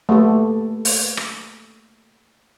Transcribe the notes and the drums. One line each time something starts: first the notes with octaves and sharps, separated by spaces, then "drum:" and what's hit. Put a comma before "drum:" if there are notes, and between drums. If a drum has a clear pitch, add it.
A3 A#3 G4 A4 B4
drum: open hi-hat
drum: rim click